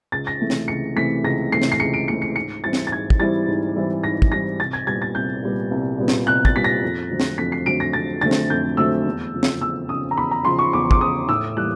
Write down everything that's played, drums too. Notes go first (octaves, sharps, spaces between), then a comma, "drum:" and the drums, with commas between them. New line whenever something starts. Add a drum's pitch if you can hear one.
C#2 A6
A#6
C3 E3 A3
drum: snare
C#2 C#7
C3 E3 A3 B6
C#2 A#6
C3 E3 A3 C7
drum: snare
C7
C#2 C#7
D7
C3 E3 A3 C#7
C#7
G#2 C#7
E3 G3 C4 E4 A6
drum: snare
A6
G#2 G#6
drum: kick
E3 G3 C4 E4 A6
G#2
E3 G3 C4 E4
G#2 A#6
drum: kick
E3 G3 C4 E4 A#6
C2 A6
G#6
A#2 G3 B3 G#6
A6
C2 G6
A#2 G3 B3
C2
A#2 G3 B3
drum: snare
C2 F#6
A6, drum: kick
A#2 G3 B3 B6
A#6
F2
D3 F#3 A3 C4
drum: snare
F2 B6
C7
D3 F#3 A3 C4 D7
A#6
F2 A6
D3 F#3 A3 C4 A6
drum: snare
F2 G6
D3 F#3 A3 C4 E6
E2
C#3 F3
drum: snare
E2 E6
C#3 F3 D#6
A#5
E2 B5
A#5
C#3 F3 C6
C#6
E2 D6
D6, drum: kick
C#3 F3 D#6
A2 E6
E3 G3 A#3 F#6